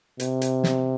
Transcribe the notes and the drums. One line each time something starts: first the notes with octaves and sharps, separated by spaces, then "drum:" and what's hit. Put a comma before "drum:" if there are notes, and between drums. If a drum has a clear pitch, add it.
C3, drum: hi-hat
drum: hi-hat
drum: snare